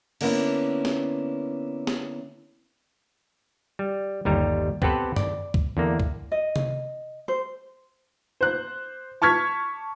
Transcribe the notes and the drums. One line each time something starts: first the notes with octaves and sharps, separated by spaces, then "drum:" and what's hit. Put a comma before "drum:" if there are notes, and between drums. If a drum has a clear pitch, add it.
D3 A#3 B3 C#4 E4, drum: cymbal
drum: snare
drum: snare
G3
G1 D#2 G3 A#5
B3 C4 G4 A4 B4 C5, drum: kick C#2
D5, drum: tom F#2
drum: kick C#2
E2 D3 A#3
drum: kick C#2
D#5
drum: tom C3
C5
C5 F#6
A5 C#6 F6 G#6 B6